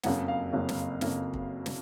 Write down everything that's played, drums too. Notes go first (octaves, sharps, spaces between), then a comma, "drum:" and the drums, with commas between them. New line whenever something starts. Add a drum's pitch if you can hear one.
F#1 F2 C#3 F#3 A#3 F#5, drum: snare
F5
F#1 F2 C#3 F#3 A#3
drum: snare
F#1 F2 C#3 F#3 A#3, drum: snare
drum: kick
drum: snare